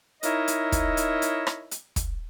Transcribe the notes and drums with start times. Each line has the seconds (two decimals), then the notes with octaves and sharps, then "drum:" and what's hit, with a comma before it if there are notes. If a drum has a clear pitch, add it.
0.23 D#4 E4 A#4 C#5 D#5 E5, drum: hi-hat
0.48 drum: hi-hat
0.72 drum: kick, hi-hat
0.97 drum: hi-hat
1.22 drum: hi-hat
1.47 drum: rim click
1.71 drum: hi-hat
1.96 drum: kick, hi-hat